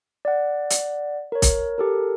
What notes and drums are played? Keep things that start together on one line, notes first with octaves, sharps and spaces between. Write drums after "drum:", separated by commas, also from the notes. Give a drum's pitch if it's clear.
D5 F#5
drum: hi-hat
A#4 C#5
drum: kick, hi-hat
G4 A4 A#4